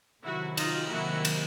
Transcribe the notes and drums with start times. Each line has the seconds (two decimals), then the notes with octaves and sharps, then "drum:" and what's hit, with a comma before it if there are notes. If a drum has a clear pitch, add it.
0.24 C3 D#3 F#3 E4 F#4
0.57 D#4 F4, drum: cymbal
0.91 C3 D#3 F#3 A#3 E4 F#4
1.25 drum: cymbal